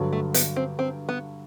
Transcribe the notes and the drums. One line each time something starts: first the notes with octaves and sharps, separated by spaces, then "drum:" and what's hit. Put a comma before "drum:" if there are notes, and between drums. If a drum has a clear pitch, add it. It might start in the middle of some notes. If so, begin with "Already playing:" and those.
Already playing: G2 D3 F#3
A3
B3, drum: hi-hat
C4
C4
B3